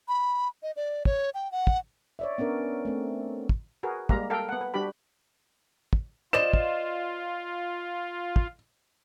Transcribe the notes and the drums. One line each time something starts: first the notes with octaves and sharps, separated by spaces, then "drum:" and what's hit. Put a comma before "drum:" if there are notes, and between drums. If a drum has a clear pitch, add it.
B5
D#5
D5
C#5, drum: kick
G5
F#5
drum: kick
C#5 D5 E5
B3 C#4 D4 A#4
A3 C4
drum: kick
F#4 G#4 A#4 B4
G3 G#3 A#3 F5 A#5, drum: kick
A4 A#4 F5 G5
B3 F#5
B4
G3 D4 F#4 G4 B5
drum: kick
F4 C5 D5 D#5 E7
drum: kick
drum: kick